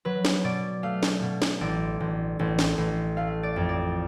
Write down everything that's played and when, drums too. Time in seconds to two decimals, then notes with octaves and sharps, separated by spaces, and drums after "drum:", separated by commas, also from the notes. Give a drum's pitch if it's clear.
0.05 F#3 B4
0.25 drum: snare
0.44 B2 D5
0.83 A3 F5
1.03 drum: snare
1.22 B2
1.42 drum: snare
1.61 A1 D5
2.00 A1
2.39 A1
2.59 drum: snare
2.78 A1
3.17 A3 F5
3.43 D5
3.56 F2
3.69 D5